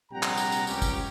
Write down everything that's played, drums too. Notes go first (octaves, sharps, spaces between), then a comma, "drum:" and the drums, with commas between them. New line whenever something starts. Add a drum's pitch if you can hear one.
A#1 C3 G3 F#5 G5 A#5
drum: clap
drum: tambourine
drum: tambourine
C#2 C#4 G4, drum: tambourine
drum: kick, tambourine